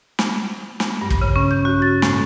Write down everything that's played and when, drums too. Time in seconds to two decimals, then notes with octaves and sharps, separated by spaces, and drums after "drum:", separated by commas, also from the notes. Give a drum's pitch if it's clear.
0.19 drum: snare
0.80 drum: snare
1.01 G2
1.10 drum: kick
1.22 C#3
1.36 C#4
1.51 G6
1.65 F#4
1.82 A6
2.02 A2, drum: snare